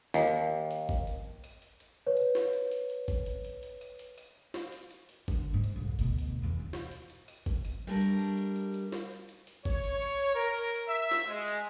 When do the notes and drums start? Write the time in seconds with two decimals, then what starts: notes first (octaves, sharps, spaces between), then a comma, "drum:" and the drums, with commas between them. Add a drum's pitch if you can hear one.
0.14 D#2, drum: snare
0.71 drum: hi-hat
0.89 drum: kick G1
1.07 drum: hi-hat
1.44 drum: hi-hat
1.62 drum: hi-hat
1.80 drum: hi-hat
2.07 B4 C#5
2.17 drum: hi-hat
2.35 drum: snare
2.53 drum: hi-hat
2.72 drum: hi-hat
2.90 drum: hi-hat
3.08 drum: kick G1, hi-hat
3.26 drum: hi-hat
3.45 drum: hi-hat
3.63 drum: hi-hat
3.81 drum: hi-hat
3.99 drum: hi-hat
4.18 drum: hi-hat
4.54 drum: snare
4.72 drum: hi-hat
4.91 drum: hi-hat
5.09 drum: hi-hat
5.28 D3, drum: kick G1, hi-hat
5.52 E2 G#2
5.64 drum: hi-hat
5.76 C2 F2
5.99 D2 B2, drum: hi-hat
6.18 drum: hi-hat
6.42 E2 E3
6.59 E2
6.73 drum: snare
6.92 drum: hi-hat
7.10 drum: hi-hat
7.28 drum: hi-hat
7.46 drum: kick G1, hi-hat
7.65 drum: hi-hat
7.87 G3 A3 D4 A#4
8.01 drum: hi-hat
8.19 drum: hi-hat
8.38 drum: hi-hat
8.56 drum: hi-hat
8.74 drum: hi-hat
8.92 drum: snare
9.11 drum: hi-hat
9.29 drum: hi-hat
9.47 drum: hi-hat
9.65 C#5, drum: kick G1, hi-hat
9.84 drum: hi-hat
10.02 drum: hi-hat
10.20 drum: hi-hat
10.35 A#4
10.57 drum: hi-hat
10.75 drum: hi-hat
10.87 E5
11.11 drum: snare
11.28 G#3, drum: hi-hat
11.48 drum: hi-hat